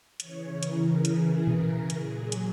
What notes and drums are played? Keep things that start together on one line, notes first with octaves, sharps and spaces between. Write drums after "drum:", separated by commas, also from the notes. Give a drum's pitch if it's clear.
C#3 E3 C#5, drum: hi-hat
A#4, drum: hi-hat
G#4, drum: hi-hat
A#4, drum: tom A#2
A#2 F#3 G#4, drum: hi-hat
drum: hi-hat